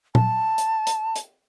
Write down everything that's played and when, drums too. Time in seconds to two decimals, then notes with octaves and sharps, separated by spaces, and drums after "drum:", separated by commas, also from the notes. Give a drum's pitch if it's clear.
0.15 A5, drum: tom A#2
0.58 drum: hi-hat
0.87 drum: hi-hat
1.16 drum: hi-hat